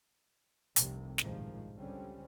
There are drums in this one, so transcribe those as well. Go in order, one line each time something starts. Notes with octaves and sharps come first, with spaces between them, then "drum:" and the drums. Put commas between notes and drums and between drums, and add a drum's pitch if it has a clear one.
F1 C2 C3, drum: hi-hat
A1 G2 A#2 D#3 F3 G#3, drum: snare
C#2 D3 G3 C4 C#4